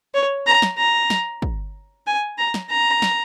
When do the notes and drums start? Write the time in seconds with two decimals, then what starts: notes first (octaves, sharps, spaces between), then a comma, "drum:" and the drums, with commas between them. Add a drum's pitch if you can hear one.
0.14 C#5
0.47 A#5
0.62 drum: snare
0.78 A#5
1.10 drum: snare
1.42 drum: kick
2.07 G#5
2.38 A#5
2.54 drum: snare
2.70 A#5
3.02 drum: snare